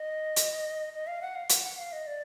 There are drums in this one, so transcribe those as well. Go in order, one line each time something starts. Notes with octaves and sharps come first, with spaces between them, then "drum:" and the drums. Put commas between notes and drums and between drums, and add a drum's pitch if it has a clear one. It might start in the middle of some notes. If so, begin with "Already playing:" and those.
Already playing: D#5
drum: hi-hat
D#5
F5
F#5
F5
F#5, drum: hi-hat
F#5
F5
D#5
D5